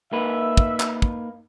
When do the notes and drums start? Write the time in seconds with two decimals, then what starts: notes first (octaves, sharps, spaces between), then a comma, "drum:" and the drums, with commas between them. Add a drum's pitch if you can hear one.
0.13 A#3 D#4 B4 E5
0.57 drum: kick
0.80 drum: clap
1.02 drum: kick